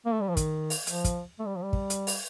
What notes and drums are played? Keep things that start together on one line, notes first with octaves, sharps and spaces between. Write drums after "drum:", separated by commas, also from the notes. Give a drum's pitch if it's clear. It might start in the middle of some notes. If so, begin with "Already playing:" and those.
A#3
A3
G3
F3
D#3, drum: kick, hi-hat
drum: open hi-hat
F3, drum: hi-hat
drum: kick, hi-hat
A3
G3
F3
G3
drum: kick
drum: hi-hat
drum: open hi-hat